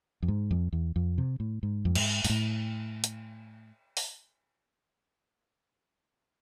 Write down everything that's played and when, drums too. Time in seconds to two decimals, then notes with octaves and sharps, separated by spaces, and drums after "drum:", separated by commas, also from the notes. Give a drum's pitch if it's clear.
0.22 F2
0.28 G#2
0.51 F2
0.73 E2
0.96 F2
1.18 C3
1.40 A2
1.63 G#2
1.85 F2
1.95 G#2, drum: cymbal
2.25 G#2, drum: open hi-hat
2.30 A2
3.04 drum: hi-hat
3.97 drum: open hi-hat